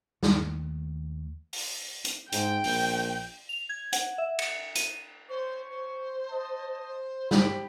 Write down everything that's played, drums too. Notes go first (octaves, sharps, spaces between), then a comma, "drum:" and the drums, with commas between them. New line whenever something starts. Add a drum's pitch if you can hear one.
D#2 D#3 A3, drum: snare
drum: open hi-hat
drum: hi-hat
G#2 G5, drum: hi-hat
A#1, drum: open hi-hat
F7
G#6
F#5, drum: hi-hat
E5
C#7, drum: cymbal
D#7, drum: hi-hat
C5 C#5 C#6
C5
D#5 A5
C5
G4 B5, drum: snare